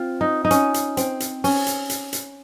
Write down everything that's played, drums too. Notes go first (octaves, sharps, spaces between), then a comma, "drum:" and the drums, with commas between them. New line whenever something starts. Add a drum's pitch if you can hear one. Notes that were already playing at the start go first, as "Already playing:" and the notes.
Already playing: C4 F4
D#4
D#4
C#4, drum: hi-hat
drum: hi-hat
C4, drum: hi-hat
drum: hi-hat
C#4, drum: open hi-hat
drum: hi-hat
drum: hi-hat
drum: hi-hat